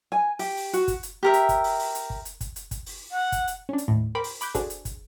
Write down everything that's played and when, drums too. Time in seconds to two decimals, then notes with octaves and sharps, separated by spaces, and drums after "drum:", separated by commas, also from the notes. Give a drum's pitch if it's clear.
0.12 G#5
0.39 G4, drum: open hi-hat
0.57 drum: open hi-hat
0.73 F#4, drum: hi-hat
0.88 drum: kick, hi-hat
1.03 drum: hi-hat
1.23 G4 A#4 E5
1.34 drum: hi-hat
1.49 drum: kick, hi-hat
1.64 drum: open hi-hat
1.79 drum: open hi-hat
1.95 drum: hi-hat
2.10 drum: kick
2.25 drum: hi-hat
2.41 drum: kick, hi-hat
2.56 drum: hi-hat
2.71 drum: kick, hi-hat
2.86 drum: open hi-hat
3.12 F#5
3.32 drum: kick, hi-hat
3.48 drum: hi-hat
3.69 C#4 D4
3.78 drum: hi-hat
3.88 D#2 A2
4.15 A#4 C5 G5 B5 D6
4.24 drum: open hi-hat
4.41 B5 D6 F#6 G6, drum: hi-hat
4.55 D4 F#4 G#4 A4 C5, drum: kick, hi-hat
4.70 drum: hi-hat
4.85 drum: kick, hi-hat